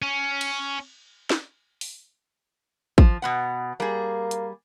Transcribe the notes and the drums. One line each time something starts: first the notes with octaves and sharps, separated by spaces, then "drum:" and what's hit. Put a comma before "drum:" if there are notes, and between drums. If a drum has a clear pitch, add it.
C#4
drum: cymbal
drum: snare
drum: open hi-hat
F3, drum: kick
B2 B3 F#5
G3 A#3 G#4
drum: hi-hat